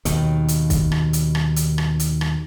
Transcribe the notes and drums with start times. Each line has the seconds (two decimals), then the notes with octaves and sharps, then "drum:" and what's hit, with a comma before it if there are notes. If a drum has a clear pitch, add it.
0.05 D#2 B2 D#3, drum: hi-hat
0.48 drum: hi-hat
0.70 drum: kick, hi-hat
0.92 drum: rim click
1.13 drum: hi-hat
1.35 drum: rim click
1.56 drum: hi-hat
1.78 drum: rim click
1.99 drum: hi-hat
2.21 drum: rim click